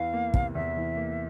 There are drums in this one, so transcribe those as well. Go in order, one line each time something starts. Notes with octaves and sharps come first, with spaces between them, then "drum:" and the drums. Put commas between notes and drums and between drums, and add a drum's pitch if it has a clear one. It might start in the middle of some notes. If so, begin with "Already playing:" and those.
Already playing: E2 E3 F5
A#3
C3, drum: kick
E2 E5
E3
A#3